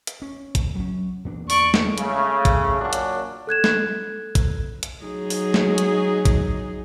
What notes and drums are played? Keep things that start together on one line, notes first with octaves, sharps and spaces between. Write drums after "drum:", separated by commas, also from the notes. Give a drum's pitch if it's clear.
drum: hi-hat
C#4
drum: kick, hi-hat
F#3 C#4
E2 A#3 D4
D5 C#6, drum: open hi-hat
drum: snare
C#3 A3, drum: hi-hat
drum: kick, hi-hat
A#2 F#3 A#3 C#4 D4 F#4
drum: hi-hat
A4 F#6 G#6 E7
drum: snare
drum: kick, hi-hat
drum: hi-hat
F#3 D#4 G#4
drum: open hi-hat
drum: snare
drum: hi-hat
drum: kick, hi-hat